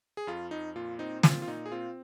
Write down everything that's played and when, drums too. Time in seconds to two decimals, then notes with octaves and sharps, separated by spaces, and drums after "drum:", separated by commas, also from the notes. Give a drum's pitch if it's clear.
0.17 G#4
0.27 F2 F4
0.51 F2 D#4
0.76 A#2 F4
0.99 C4 D#4
1.23 A#2 F4, drum: snare
1.42 F4
1.47 A#2 D#4
1.66 G#4
1.72 C4 F4